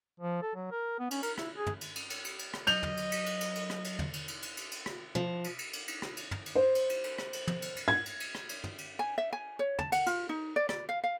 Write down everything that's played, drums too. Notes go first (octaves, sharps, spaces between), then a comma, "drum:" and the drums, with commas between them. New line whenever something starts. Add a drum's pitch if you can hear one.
F3
A4
F#3
A#4
B3
C#4, drum: cymbal
A#4, drum: cymbal
E4, drum: rim click
G#4
drum: tom
drum: cymbal
drum: cymbal
drum: cymbal
drum: cymbal
drum: cymbal
drum: rim click
F#3 D#5 G6 F7, drum: cymbal
drum: tom
drum: cymbal
drum: cymbal
drum: cymbal
drum: cymbal
drum: cymbal
drum: rim click
drum: cymbal
drum: tom
drum: cymbal
drum: cymbal
drum: cymbal
drum: cymbal
drum: cymbal
drum: rim click
F3, drum: tom
drum: cymbal
drum: cymbal
drum: cymbal
drum: cymbal
drum: rim click
drum: cymbal
drum: tom
drum: cymbal
C5
drum: cymbal
drum: cymbal
drum: cymbal
drum: rim click
drum: cymbal
drum: tom
drum: cymbal
drum: cymbal
G#6
drum: cymbal
drum: cymbal
drum: rim click
drum: cymbal
drum: tom
drum: cymbal
G#5
E5
G#5
C#5
A5, drum: tom
F#5, drum: cymbal
F4, drum: cymbal
D#4
D5
D5, drum: rim click
F5
F5